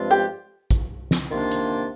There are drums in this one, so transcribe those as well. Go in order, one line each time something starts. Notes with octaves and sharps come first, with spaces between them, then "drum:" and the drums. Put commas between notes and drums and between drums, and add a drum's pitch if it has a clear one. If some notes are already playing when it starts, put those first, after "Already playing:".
Already playing: G2 F3 G#3 C4 F4
G4
drum: kick, hi-hat
drum: snare
C3 D#3 A#3 D4 F4
drum: hi-hat